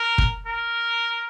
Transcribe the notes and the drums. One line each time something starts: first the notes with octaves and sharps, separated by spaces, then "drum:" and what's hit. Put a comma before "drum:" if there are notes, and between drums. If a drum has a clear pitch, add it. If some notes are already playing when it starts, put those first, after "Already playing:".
Already playing: A#4
drum: kick
A#4